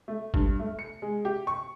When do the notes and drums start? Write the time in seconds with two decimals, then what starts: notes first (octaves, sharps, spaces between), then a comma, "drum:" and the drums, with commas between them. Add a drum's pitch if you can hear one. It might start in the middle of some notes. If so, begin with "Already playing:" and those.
0.08 A3
0.34 G2, drum: kick G#1
0.60 A3
0.79 C#7
1.02 G#3
1.25 G4
1.47 C#6